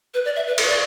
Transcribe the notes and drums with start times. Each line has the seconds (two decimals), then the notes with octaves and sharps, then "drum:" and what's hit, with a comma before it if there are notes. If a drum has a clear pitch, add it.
0.14 B4
0.25 D5
0.36 E5
0.47 B4
0.58 A4, drum: cymbal
0.63 B4
0.69 D5